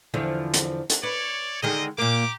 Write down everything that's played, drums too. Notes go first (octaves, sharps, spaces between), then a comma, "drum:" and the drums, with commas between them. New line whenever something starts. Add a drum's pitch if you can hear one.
E2 D3 F3
drum: hi-hat
drum: hi-hat
B4 C#5 D5
D3 D#3 G#3 C4 D#5
A#2 A#3 G4 A#5 D6